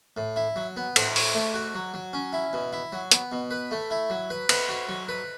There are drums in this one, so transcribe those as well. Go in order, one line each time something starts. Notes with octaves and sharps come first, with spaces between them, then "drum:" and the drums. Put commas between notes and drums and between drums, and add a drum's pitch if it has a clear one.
A2
E4
F#3
B3
A2, drum: cymbal
C#5, drum: open hi-hat
A3
F#4
F#3
F#3
C#4
E4
B2
E4
F#3
B3, drum: hi-hat
B2
B4
A3
E4
F#3
B4
B3, drum: cymbal
F#4
F#3
B4